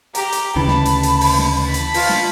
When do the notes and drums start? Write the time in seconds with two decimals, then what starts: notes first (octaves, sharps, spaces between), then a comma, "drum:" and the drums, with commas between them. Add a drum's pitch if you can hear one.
0.15 G4 A#5, drum: hi-hat
0.32 drum: hi-hat
0.56 D2 C#3 E3 A5 B5
0.68 drum: snare
0.85 drum: hi-hat
1.03 drum: hi-hat
1.21 drum: open hi-hat
1.39 drum: snare
1.63 A5 B5
1.74 drum: hi-hat
1.94 F4, drum: open hi-hat
2.09 drum: snare